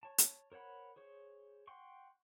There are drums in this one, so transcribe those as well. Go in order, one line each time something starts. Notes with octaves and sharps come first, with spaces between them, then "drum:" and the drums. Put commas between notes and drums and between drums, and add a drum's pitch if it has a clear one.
C#5 A5
drum: hi-hat
A#4 C5 C#5 F#5 B5
G#4 C5 C#5
F#5 G5 C6 C#6